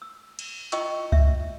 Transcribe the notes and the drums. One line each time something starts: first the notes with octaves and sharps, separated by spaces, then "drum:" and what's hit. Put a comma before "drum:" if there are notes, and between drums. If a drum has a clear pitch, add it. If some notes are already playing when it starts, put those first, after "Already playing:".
E6
drum: cymbal
E4 F4 D#5 G5 C#6 E6, drum: hi-hat
E5, drum: kick C#2